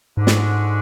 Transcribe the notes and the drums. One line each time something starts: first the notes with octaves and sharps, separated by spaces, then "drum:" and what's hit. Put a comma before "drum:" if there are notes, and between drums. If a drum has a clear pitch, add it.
G#2 D3 G#3 D4 F#4
drum: snare